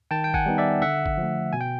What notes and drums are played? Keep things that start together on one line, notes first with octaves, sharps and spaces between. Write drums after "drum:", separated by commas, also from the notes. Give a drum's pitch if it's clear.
D#3 G5 A5
G5
F#5 G#5, drum: kick G1
G3 B3 D#4
D5 E5
D3 E5 F#5
drum: kick G1
F3 A3
B2 G#5
G5